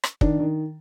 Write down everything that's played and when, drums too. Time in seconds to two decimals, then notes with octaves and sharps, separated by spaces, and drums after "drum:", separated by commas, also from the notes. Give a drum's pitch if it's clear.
0.03 drum: rim click
0.21 D#3 D4, drum: kick
0.39 D#3